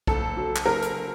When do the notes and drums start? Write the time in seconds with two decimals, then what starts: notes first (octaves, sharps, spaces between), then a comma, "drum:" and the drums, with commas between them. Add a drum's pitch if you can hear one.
0.07 F#1 A4, drum: kick
0.37 F#3
0.56 drum: clap
0.66 F#1 A#4
0.82 drum: hi-hat